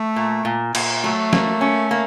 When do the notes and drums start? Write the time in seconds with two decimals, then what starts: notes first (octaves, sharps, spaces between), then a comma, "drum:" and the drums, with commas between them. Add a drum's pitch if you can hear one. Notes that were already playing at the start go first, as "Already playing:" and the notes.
Already playing: A3
0.16 A#2
0.45 A#2
0.75 A#2, drum: cymbal
1.04 F#3 A3
1.33 A#3, drum: snare
1.61 C#4
1.91 A#3